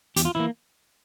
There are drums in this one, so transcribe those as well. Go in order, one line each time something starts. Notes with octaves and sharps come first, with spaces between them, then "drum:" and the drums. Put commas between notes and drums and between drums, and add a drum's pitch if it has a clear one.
E2 G4, drum: hi-hat
F4
E3 A#3 E4